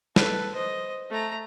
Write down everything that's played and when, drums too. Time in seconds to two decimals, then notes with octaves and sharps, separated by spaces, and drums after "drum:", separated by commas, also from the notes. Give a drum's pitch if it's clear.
0.16 A4 B4, drum: snare
0.54 C5 D#5
1.11 A3 A#5